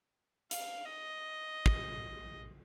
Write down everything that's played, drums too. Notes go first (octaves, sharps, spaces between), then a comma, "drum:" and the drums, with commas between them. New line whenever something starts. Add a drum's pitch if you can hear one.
F5, drum: hi-hat
D#5
drum: kick